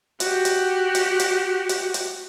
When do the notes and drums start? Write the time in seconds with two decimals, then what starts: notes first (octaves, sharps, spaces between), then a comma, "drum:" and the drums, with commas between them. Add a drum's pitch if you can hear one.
0.20 F#4 G4, drum: hi-hat
0.45 drum: hi-hat
0.95 drum: hi-hat
1.19 drum: hi-hat
1.69 drum: hi-hat
1.94 drum: hi-hat